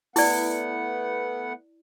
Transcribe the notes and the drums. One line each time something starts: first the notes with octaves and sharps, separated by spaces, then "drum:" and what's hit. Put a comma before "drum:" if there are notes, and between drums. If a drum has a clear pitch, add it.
A3 B3 E4 D5 F#5, drum: open hi-hat